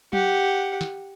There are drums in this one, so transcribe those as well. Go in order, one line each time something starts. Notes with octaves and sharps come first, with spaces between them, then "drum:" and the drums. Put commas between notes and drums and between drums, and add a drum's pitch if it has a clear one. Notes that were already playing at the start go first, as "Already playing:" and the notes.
G4 F#5, drum: tom F#3
drum: snare